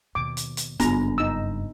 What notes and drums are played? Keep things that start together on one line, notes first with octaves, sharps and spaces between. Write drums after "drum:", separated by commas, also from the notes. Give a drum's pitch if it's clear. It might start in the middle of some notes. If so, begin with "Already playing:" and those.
D#2 B2 D6
drum: hi-hat
drum: hi-hat
F#1 G2 B3 D4 A#5, drum: hi-hat
D#4 E6